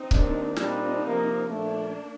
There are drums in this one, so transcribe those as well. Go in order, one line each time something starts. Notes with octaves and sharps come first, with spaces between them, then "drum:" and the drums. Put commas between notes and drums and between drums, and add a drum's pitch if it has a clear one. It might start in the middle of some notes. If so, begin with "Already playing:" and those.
Already playing: C4 D#4
D#2 D#3 A#3 D4, drum: kick C#1
A#2 G3 A#3 C4 D4 D#4 F4, drum: snare
C3 F3 A#3
A#2 F3 A3 A#3 D4